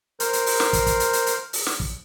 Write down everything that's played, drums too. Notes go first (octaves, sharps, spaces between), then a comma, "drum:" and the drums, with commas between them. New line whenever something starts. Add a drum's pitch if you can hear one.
A#4 C5, drum: hi-hat
drum: hi-hat
drum: open hi-hat
drum: snare
drum: kick, hi-hat
drum: kick, hi-hat
drum: hi-hat
drum: hi-hat
drum: hi-hat
drum: open hi-hat
drum: snare
drum: kick